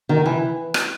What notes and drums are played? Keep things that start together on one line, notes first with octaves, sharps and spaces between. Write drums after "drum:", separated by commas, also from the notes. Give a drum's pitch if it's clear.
D#3
E3
drum: rim click